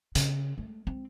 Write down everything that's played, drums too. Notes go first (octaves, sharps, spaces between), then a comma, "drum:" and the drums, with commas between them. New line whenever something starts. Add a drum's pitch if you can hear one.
C#3, drum: hi-hat
A3
C4